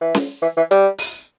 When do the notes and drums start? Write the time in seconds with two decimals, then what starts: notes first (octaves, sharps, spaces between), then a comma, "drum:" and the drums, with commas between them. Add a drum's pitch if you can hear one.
0.01 E3
0.15 drum: snare C#4
0.42 E3
0.57 E3
0.71 G3, drum: hi-hat
0.98 drum: open hi-hat